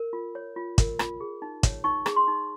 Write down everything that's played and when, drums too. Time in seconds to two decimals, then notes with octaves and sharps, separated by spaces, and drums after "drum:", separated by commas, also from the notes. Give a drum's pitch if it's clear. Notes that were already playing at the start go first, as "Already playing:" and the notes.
Already playing: A#4
0.13 F4
0.35 C#5
0.56 F4
0.78 A#4, drum: kick, hi-hat
0.99 F4, drum: rim click
1.21 G#4
1.42 D#4
1.63 C#5, drum: kick, hi-hat
1.84 D#4 C#6
2.06 G#4, drum: rim click
2.16 C6
2.28 D#4